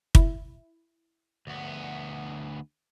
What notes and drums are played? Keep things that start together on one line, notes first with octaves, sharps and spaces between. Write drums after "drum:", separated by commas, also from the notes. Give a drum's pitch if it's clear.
E4, drum: kick
D2 B3